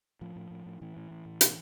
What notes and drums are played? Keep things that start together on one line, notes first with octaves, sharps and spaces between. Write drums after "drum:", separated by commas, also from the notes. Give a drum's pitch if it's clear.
A2 F3
A2
A2
A2
A2 E3
A2
A2
A2
B2, drum: hi-hat